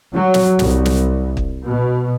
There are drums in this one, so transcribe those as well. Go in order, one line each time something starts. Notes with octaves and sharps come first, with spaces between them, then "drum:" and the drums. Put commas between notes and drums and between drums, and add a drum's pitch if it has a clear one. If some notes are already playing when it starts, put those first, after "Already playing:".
F#3
drum: snare
C2, drum: snare
drum: snare
drum: kick
B2